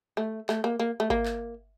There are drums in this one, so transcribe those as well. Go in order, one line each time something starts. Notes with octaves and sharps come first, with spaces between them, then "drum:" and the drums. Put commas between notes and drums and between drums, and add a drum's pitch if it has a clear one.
A3
A3, drum: clap
A#3
A#3
A3
A#3, drum: kick G#1
drum: clap